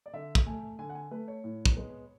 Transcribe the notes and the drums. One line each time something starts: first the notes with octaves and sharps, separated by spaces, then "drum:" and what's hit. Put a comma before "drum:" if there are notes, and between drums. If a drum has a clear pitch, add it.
D5
D3 E5
drum: kick
A3 G#5
D3 G#5
F#5
G#5
A3 B4
C#5
A2
drum: kick
G#3 B3